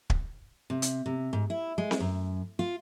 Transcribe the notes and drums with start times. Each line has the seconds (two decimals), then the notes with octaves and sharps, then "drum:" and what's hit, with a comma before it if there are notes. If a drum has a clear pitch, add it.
0.10 drum: kick
0.70 C3
0.82 drum: hi-hat
1.06 C3
1.33 G#2
1.50 E4
1.78 G#3
1.91 drum: snare C4
2.00 F#2
2.59 F4